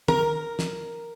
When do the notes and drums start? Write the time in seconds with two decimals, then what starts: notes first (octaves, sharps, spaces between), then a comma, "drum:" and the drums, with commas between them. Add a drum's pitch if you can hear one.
0.08 A#4, drum: tom
0.59 drum: snare